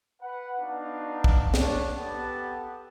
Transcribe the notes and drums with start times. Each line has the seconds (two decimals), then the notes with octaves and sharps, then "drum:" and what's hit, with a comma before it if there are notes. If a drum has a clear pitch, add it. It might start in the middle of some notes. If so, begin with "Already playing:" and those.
0.22 B4 F#5
0.59 B3 D4 D#4 F#4 F5
1.24 drum: kick
1.54 D4 C#5, drum: snare
1.98 B3 G4 A4 F#5 A5